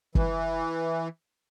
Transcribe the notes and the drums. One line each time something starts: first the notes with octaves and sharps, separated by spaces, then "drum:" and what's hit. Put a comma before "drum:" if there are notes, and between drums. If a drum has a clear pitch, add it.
E3, drum: kick